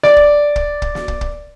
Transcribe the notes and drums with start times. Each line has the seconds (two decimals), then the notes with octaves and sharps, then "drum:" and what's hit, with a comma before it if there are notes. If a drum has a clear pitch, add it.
0.03 D5, drum: snare
0.17 drum: kick
0.56 drum: kick
0.82 drum: kick
0.95 drum: snare
1.08 drum: kick
1.21 drum: kick